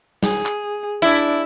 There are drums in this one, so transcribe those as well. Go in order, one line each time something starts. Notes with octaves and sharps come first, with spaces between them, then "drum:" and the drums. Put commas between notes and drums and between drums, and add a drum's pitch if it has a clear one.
G#4, drum: snare
drum: clap
D4 E4